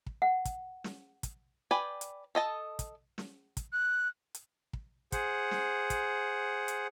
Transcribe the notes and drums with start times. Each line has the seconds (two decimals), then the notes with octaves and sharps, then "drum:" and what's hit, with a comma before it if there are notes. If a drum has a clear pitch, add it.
0.06 drum: kick
0.22 F#5
0.45 drum: kick, hi-hat
0.84 drum: snare
1.23 drum: kick, hi-hat
1.71 B4 D5 G5 G#5
2.01 drum: hi-hat
2.35 A4 D#5 A5
2.79 drum: kick, hi-hat
3.18 drum: snare
3.57 drum: kick, hi-hat
3.73 F#6
4.34 drum: hi-hat
4.73 drum: kick
5.12 G#4 C5 F#5, drum: kick, hi-hat
5.51 drum: snare
5.90 drum: kick, hi-hat
6.68 drum: hi-hat